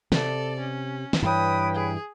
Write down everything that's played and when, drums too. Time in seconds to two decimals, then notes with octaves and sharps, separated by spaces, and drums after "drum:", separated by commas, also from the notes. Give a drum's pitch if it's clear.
0.12 C3 A4 D5, drum: snare
0.60 C#4
1.13 drum: snare
1.22 G2 E3 B4 C#5 G5 D#6
1.74 G#4